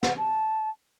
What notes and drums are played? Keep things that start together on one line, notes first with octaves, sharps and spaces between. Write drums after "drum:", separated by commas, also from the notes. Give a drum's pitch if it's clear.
F#5, drum: snare
A5